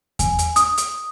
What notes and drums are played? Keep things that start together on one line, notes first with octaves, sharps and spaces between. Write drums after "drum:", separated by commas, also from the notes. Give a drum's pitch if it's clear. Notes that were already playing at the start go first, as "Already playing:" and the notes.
G#5, drum: kick E2, hi-hat
drum: hi-hat
D#6, drum: hi-hat
drum: hi-hat